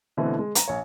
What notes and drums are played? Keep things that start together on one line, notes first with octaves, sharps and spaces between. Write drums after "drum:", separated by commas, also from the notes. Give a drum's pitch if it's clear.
B2 D3 E3 A3 B3 C4
G#3
A#5, drum: hi-hat
A#1 C#5